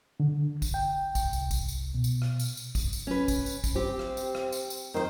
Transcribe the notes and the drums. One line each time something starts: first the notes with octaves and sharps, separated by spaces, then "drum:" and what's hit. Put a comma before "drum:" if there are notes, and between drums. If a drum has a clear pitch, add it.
D3
drum: kick G#1, tambourine
G5
drum: kick G#1, tambourine
C2, drum: tambourine
drum: kick G#1, tambourine
drum: tambourine
B2
drum: tambourine
drum: rim click
drum: tambourine
drum: tambourine
drum: kick G#1, tambourine
drum: tambourine
C#4 B4
drum: kick G#1, tambourine
drum: tambourine
drum: kick G#1, tambourine
C4 G4
drum: rim click
drum: tambourine
drum: rim click
drum: tambourine
drum: tambourine
D#3 C4 C5